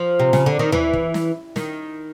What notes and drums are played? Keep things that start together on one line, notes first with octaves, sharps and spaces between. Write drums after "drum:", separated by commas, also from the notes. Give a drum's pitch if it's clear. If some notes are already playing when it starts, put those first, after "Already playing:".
Already playing: F3
C3
C#3, drum: snare
D3
D#3
E3, drum: tom D2
drum: kick
drum: snare
D#3, drum: snare